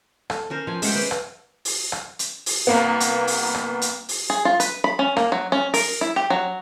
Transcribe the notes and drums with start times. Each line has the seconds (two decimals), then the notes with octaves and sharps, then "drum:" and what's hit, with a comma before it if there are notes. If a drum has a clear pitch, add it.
0.30 A4, drum: rim click
0.50 C#4 A#4 C5
0.67 F3 F5 G#5
0.82 G#3 C#4 E5 F#5 G5, drum: open hi-hat
0.95 B4 C5 D5
1.11 drum: rim click
1.65 drum: open hi-hat
1.92 drum: rim click
2.19 drum: hi-hat
2.46 drum: open hi-hat
2.67 C2 A#3 B3
3.00 drum: hi-hat
3.27 drum: open hi-hat
3.54 drum: rim click
3.82 drum: hi-hat
4.09 drum: open hi-hat
4.30 G#4
4.45 F4
4.60 B4, drum: hi-hat
4.84 B5
4.99 C#4
5.17 A#3, drum: rim click
5.32 F#3
5.52 C#4
5.74 A#4, drum: open hi-hat
6.01 E4
6.16 G4
6.30 F#3